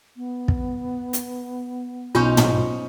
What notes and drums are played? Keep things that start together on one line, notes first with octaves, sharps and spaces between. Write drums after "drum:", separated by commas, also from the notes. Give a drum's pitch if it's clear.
B3
drum: kick
drum: hi-hat
B1 C#4 D#4 F4 C5 C#6
drum: tom